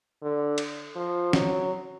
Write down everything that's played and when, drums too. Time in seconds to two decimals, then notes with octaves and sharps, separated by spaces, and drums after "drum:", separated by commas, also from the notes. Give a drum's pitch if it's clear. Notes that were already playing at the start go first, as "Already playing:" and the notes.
0.23 D3
0.58 drum: cymbal
0.96 F3
1.33 F#3, drum: snare